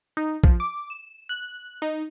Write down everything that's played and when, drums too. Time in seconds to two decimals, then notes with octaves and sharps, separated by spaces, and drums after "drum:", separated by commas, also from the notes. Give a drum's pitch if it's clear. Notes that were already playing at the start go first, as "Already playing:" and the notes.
0.17 D#4
0.44 F3, drum: kick
0.60 D6
0.90 E7
1.29 F#6
1.82 D#4